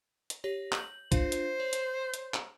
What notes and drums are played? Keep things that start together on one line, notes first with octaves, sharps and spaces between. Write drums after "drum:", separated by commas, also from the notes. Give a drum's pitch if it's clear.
drum: hi-hat
G4 C#5 A#6
G6 F#7, drum: clap
D4 F4 C5 F5, drum: kick, hi-hat
drum: hi-hat
C#5
drum: hi-hat
drum: hi-hat
drum: clap